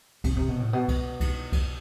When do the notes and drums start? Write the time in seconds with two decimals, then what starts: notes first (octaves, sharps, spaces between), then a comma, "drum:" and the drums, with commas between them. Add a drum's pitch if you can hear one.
0.24 C3, drum: kick C2, cymbal
0.37 C3
0.48 B2
0.60 A2
0.73 B2
0.88 drum: kick C2, cymbal
1.20 drum: kick C2, cymbal
1.52 drum: kick C2, cymbal